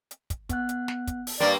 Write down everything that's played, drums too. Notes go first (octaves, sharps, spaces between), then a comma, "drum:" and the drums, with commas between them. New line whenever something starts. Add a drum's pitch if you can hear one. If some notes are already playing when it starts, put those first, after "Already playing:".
drum: hi-hat
drum: kick, hi-hat
B3 F#5 F#6, drum: kick, hi-hat
drum: hi-hat
drum: snare
drum: kick, hi-hat
drum: open hi-hat
G2 A#3 D5 G5 C6